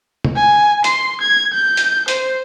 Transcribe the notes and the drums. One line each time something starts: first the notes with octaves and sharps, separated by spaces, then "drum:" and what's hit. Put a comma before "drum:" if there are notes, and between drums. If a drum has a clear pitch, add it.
drum: tom C3
G#5
C6, drum: hi-hat
G#6
G6
drum: hi-hat
C5, drum: hi-hat